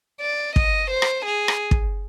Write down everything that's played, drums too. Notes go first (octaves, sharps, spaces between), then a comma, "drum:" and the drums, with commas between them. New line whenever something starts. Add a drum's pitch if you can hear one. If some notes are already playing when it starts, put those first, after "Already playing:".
D5
D#5, drum: kick
C5
drum: rim click
G#4
drum: rim click
drum: kick